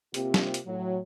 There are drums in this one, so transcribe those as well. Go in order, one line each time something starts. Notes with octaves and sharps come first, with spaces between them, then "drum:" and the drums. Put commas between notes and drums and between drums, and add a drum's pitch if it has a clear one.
C3 A#3 C4 F4 G4, drum: hi-hat
drum: snare
drum: hi-hat
A2 F#3